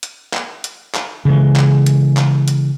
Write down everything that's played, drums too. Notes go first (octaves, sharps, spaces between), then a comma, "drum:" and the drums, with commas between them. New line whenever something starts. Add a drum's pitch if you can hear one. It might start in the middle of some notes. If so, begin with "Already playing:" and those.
drum: hi-hat
drum: clap
drum: hi-hat
drum: clap
C#3 E3 G#3
drum: clap
drum: hi-hat
drum: clap
drum: hi-hat